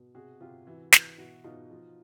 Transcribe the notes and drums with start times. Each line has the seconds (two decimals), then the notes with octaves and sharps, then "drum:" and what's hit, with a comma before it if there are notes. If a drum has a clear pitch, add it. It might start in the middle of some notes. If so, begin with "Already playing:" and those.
Already playing: B2
0.15 C3 F#4 G#4
0.41 C3 F4 G4
0.66 E3 E4 F#4
0.92 E3, drum: snare
1.18 B2 E4 F#4
1.44 B2 D#4 F4
1.70 F3